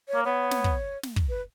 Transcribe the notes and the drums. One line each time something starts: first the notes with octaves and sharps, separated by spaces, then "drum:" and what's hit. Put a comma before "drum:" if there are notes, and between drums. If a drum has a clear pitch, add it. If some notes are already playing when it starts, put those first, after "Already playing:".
C#5
A#3
B3 C#5
drum: snare
drum: kick
drum: snare
drum: kick
B4